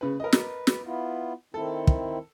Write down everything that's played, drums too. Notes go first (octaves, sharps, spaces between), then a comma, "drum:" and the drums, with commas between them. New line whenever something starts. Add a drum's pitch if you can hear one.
C#3 B4
A#4 B4 D#5
drum: snare
drum: snare
B3 E4 F4
D#3 C4 E4 A4
drum: kick